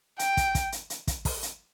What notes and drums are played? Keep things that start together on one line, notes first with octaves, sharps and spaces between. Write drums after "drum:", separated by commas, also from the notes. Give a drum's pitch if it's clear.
G5, drum: hi-hat
drum: kick, hi-hat
drum: kick, hi-hat
drum: hi-hat
drum: hi-hat
drum: kick, hi-hat
drum: kick, open hi-hat
drum: hi-hat